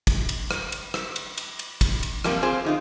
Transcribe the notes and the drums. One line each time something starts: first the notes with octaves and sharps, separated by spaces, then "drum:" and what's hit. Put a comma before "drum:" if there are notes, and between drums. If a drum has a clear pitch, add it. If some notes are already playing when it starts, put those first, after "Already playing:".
drum: kick, cymbal
drum: cymbal
drum: rim click
drum: cymbal
drum: rim click
drum: cymbal
drum: cymbal
drum: cymbal
drum: kick, cymbal
drum: cymbal
F3 G3 A#3 C4, drum: rim click
C4 F4 G#4 C5
D3 D#4 F4